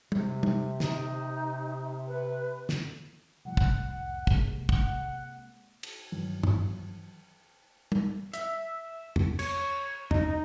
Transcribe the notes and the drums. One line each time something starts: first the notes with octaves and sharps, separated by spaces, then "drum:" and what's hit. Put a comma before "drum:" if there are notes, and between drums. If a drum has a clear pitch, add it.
C3, drum: tom
drum: tom
D#4, drum: snare
B4
drum: snare
C2 F2 A2 F#5
drum: kick
C3 G#3 A#3, drum: kick
F#5, drum: kick
drum: cymbal
G2 D#3 E3 F#3
drum: tom
drum: tom
E5, drum: hi-hat
drum: tom
C#5, drum: cymbal
D#4, drum: tom